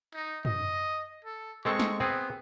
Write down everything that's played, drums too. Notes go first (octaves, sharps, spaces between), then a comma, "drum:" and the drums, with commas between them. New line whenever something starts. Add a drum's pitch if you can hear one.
D#4
D#5, drum: tom F#2
A4
G#3 C4 A4 C#6
drum: snare
B3 C4 G#4